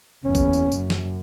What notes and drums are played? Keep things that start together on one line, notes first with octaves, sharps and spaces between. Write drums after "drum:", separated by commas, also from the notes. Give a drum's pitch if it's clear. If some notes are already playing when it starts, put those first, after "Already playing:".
F#1 E2 C#4
drum: kick, tambourine
drum: tambourine
F#2, drum: tambourine
drum: snare